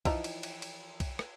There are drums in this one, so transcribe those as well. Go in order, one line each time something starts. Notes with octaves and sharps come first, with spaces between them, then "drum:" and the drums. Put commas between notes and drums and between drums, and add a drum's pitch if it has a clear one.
E3 F3 D#4, drum: kick B1, cymbal
drum: cymbal
drum: cymbal
drum: cymbal
drum: kick B1, cymbal
drum: rim click